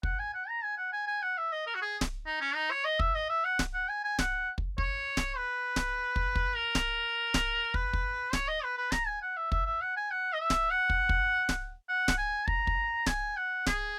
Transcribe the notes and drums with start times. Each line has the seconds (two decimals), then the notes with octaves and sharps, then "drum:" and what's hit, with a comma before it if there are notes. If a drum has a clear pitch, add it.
0.03 F#5, drum: kick
0.19 G#5
0.34 F#5
0.49 A#5
0.63 G#5
0.77 F#5
0.93 G#5
1.07 G#5
1.22 F#5
1.37 E5
1.52 D#5
1.67 A#4
1.75 F#4
1.82 G#4
2.01 drum: snare D1
2.26 D#4
2.40 C#4
2.55 D#4
2.70 C#5
2.84 D#5
2.99 E5, drum: kick
3.15 D#5
3.29 E5
3.45 F#5
3.59 drum: snare D1
3.73 F#5
3.88 G#5
4.04 G#5
4.19 F#5, drum: snare D1
4.58 drum: kick
4.78 C#5, drum: kick
5.17 drum: snare D1
5.37 B4
5.76 drum: snare D1
6.16 drum: kick
6.35 drum: kick
6.56 A#4
6.75 drum: snare D1
7.34 drum: snare D1
7.74 B4, drum: kick
7.93 drum: kick
8.33 C#5, drum: snare D1
8.48 D#5
8.63 B4
8.78 B4
8.92 A#5, drum: snare D1
9.07 G#5
9.22 F#5
9.37 E5
9.52 E5, drum: kick
9.66 E5
9.81 F#5
9.96 G#5
10.10 F#5
10.33 D#5
10.40 E5
10.50 drum: snare D1
10.70 F#5
10.90 drum: kick
11.09 drum: kick
11.49 drum: snare D1
11.88 F#5
12.08 drum: snare D1
12.18 G#5
12.48 A#5, drum: kick
12.67 drum: kick
13.06 G#5, drum: snare D1
13.36 F#5
13.67 G#4, drum: snare D1